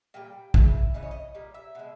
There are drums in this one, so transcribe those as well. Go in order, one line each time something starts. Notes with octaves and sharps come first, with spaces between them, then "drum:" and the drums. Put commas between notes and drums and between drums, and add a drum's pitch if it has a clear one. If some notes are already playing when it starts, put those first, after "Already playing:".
A#2 G3 G5
C#3 G#3 E5, drum: kick
C#3 E3 D#5
C#5
D#5
A#2 G3
E5
B2 G#3